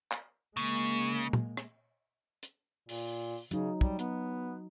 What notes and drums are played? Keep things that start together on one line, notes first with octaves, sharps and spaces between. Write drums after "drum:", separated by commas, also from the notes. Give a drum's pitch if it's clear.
drum: clap
C#3 G#3 A#3
drum: tom A#2
drum: rim click
drum: hi-hat
A#2, drum: open hi-hat
C#3 F#3 D#4, drum: hi-hat
G3, drum: kick
B3, drum: hi-hat